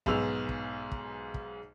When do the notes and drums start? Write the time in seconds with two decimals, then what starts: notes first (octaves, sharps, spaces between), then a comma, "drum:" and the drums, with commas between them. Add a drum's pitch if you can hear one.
0.06 B1 G#2 G#3 B3 E6 F7, drum: kick
0.49 drum: kick
0.92 drum: kick
1.34 drum: kick